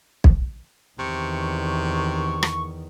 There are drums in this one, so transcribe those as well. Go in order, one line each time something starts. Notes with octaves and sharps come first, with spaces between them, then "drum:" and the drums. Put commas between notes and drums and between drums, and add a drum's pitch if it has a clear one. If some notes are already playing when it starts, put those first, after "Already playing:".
drum: kick B1
E2 C3 D#3 C#6
drum: rim click